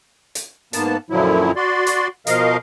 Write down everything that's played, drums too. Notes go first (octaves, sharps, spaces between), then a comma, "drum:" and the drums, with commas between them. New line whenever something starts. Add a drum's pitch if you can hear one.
drum: hi-hat
G#2 A#3 B3 A5, drum: hi-hat
F#2 A#2 D3 F3 F#3 E4
F#4 D5 C6
drum: hi-hat
B2 F3 A#4 D#5 F5, drum: hi-hat